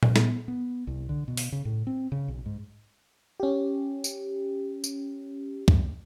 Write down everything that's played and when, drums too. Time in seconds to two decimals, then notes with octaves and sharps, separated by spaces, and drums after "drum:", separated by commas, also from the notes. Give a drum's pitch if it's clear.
0.03 drum: tom A#2
0.16 B3, drum: snare
0.48 B3
0.87 C2
1.09 D3
1.28 B2
1.37 drum: open hi-hat
1.52 C#3
1.65 A2
1.87 C4
2.12 C#3
2.28 B1
2.46 G#2
3.40 C#4 G4
4.04 drum: tambourine
4.84 drum: tambourine
5.68 drum: kick